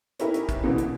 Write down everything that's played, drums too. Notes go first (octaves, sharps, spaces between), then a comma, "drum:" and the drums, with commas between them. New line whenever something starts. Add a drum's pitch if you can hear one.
B3 C#4 D#4 E4 G4 A#4, drum: hi-hat
drum: hi-hat
drum: kick, hi-hat
B2 D3 E3 A#3 B3
drum: hi-hat